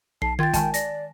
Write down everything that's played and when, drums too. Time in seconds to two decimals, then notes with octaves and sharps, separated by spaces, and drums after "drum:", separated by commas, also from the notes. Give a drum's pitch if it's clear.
0.22 B1 A5 C7
0.39 D#3 F4 G5 G#6 A6
0.54 D#3 G#3 G#5 A5, drum: kick, hi-hat
0.74 D5 A#6, drum: hi-hat